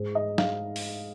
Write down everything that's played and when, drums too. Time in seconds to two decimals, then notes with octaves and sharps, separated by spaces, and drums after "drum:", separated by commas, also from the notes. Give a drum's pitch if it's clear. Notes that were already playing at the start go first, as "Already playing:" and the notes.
Already playing: G#2 G#3
0.15 D#5
0.38 F5, drum: snare
0.76 drum: open hi-hat